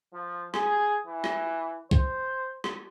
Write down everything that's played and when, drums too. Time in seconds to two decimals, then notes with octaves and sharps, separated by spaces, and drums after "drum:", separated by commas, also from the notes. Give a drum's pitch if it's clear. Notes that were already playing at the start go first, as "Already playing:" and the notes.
0.14 F3
0.54 G#4, drum: rim click
1.07 E3
1.24 drum: rim click
1.91 C5, drum: kick
2.64 drum: rim click